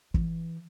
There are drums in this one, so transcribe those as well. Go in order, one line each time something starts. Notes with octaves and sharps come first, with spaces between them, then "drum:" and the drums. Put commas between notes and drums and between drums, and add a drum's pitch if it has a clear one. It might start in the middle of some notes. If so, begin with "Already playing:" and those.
E3, drum: kick